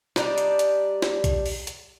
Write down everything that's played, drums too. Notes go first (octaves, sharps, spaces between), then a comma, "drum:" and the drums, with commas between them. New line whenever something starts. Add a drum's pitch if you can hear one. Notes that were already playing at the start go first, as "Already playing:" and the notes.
G3 D4 D#4 G4, drum: snare
drum: hi-hat
drum: hi-hat
drum: snare
drum: kick B1, hi-hat
drum: open hi-hat
drum: hi-hat